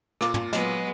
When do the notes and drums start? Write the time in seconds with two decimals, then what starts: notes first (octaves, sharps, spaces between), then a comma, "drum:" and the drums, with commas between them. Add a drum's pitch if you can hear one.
0.21 A#2 F4 A#5 D6, drum: rim click
0.34 drum: tom
0.53 F#3 G#3 B3 D#5, drum: snare